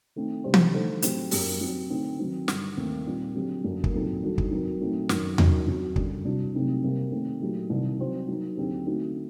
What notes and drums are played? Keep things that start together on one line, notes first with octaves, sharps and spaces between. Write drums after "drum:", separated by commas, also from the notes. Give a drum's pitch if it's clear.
D#3 A3 C4 D#4
C3 G3 D4 G4 C5
drum: tom E3
D3 A3 D#4 A4 C5
A2 F#3 C4 G4 C5, drum: hi-hat
F#2 F#3 A#3 D4 G4, drum: open hi-hat
F#3 C4 F#4
D3 A3 C4 D#4
D#3 F#3 C4
G2 D3 G3, drum: snare
D#2 D#3 A3 C4
A#2 G3 C4
D3 F#3 C4 G4
F#2 D3 F#3 A#3 D4
drum: kick
A#2 F#3 C4 D#4 A4
D#3 G3 D4 F#4 A4
drum: kick
F#3 C4 D#4 F#4 A#4
A#2 F#3 A3 C4 D#4
F#2 D#3 F#3, drum: snare
F#2 D#3 F#3, drum: tom E2
F#3 C4 F#4
F#2 D3 G3, drum: kick
C2 C3 G3 D4 F#4
C3 F#3 A3 C4 D#4
C3 G3 A#3
C3 D#3 A3 C4
A#2 F#3 A3 D#4 G4
C2 C3 D#3
F#3 C4 F#4 C5
F#3 A#3 D#4
D#2 D3 F#3 C4 G4
D3 A3 C4 D#4 F#4